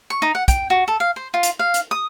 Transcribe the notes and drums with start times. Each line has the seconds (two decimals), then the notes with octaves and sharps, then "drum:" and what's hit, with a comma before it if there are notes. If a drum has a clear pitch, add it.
0.10 C#6
0.22 D#4
0.35 F#5
0.48 G5, drum: kick, hi-hat
0.70 F#4
0.88 A4
1.00 F5
1.16 C5
1.34 F4
1.43 drum: hi-hat
1.59 F5
1.74 drum: hi-hat
1.91 D#6